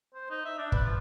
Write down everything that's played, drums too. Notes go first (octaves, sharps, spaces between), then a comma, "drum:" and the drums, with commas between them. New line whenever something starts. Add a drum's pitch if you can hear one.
C5
D#4
E5
D4
B4, drum: kick
F3